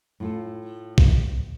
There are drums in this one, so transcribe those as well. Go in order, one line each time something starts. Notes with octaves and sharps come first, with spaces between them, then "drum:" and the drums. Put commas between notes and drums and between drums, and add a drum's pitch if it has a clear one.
A2 F4 A4
drum: kick